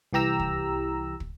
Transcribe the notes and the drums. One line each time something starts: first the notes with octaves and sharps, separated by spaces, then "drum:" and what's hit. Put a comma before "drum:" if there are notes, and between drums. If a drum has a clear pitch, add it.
C2 E3 G4 A#5 E6
drum: kick
drum: kick